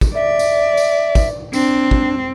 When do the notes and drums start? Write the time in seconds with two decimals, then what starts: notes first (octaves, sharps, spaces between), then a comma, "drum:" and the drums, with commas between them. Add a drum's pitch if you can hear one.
0.01 drum: kick, tambourine
0.15 D5 E5
0.39 drum: tambourine
0.77 drum: tambourine
1.15 drum: kick, tambourine
1.53 C4 D4, drum: tambourine
1.91 drum: kick